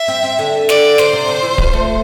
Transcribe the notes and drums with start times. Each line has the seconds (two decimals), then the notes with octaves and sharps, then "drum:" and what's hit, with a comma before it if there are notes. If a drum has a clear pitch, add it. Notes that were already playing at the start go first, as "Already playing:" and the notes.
Already playing: E5
0.08 C4
0.23 C4
0.39 D3
0.69 D5, drum: snare
0.98 D3 C5, drum: snare
1.13 C3
1.28 D3
1.43 E3
1.58 F3, drum: kick D1
1.73 A3